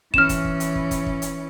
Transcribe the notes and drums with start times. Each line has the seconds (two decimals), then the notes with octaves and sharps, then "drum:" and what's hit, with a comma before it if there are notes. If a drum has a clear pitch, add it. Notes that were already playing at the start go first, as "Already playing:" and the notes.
0.14 E3 C#4 F6 E7, drum: kick
0.29 drum: kick, hi-hat
0.45 drum: kick
0.60 drum: hi-hat
0.75 drum: kick
0.91 drum: kick, hi-hat
1.06 drum: kick
1.22 drum: hi-hat